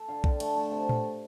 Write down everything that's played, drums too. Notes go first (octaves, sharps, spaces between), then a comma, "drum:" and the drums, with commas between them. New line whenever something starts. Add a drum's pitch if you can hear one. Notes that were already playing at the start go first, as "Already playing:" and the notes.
Already playing: A4
D3 F5
D3 G5, drum: kick B1
A3 A5, drum: cymbal
A3 A5
C3
A5
drum: tom A2